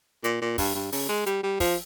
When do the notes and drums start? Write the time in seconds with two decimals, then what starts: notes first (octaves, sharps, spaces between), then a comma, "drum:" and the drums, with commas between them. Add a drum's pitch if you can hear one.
0.24 A#2, drum: hi-hat
0.42 A#2
0.58 G2, drum: kick, open hi-hat
0.75 G2
0.92 C#3, drum: open hi-hat
1.09 G#3
1.26 G3, drum: hi-hat
1.43 G3
1.60 F3, drum: kick, open hi-hat